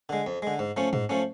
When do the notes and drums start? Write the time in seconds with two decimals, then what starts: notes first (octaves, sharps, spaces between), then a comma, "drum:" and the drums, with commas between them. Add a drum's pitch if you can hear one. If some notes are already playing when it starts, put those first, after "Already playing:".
0.09 D3 G#3
0.26 F2
0.42 D3 G#3
0.59 G#2
0.77 F3 A3 C#4
0.93 G#2, drum: tom
1.09 F3 A3 C#4